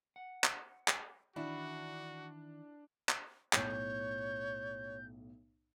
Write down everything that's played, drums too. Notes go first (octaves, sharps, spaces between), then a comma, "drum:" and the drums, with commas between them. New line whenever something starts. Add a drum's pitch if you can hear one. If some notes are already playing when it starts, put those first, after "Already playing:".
F#5
drum: clap
drum: clap
D#3 E3 D4 E4 F#4
drum: clap
B1 A2 C#5 G6, drum: clap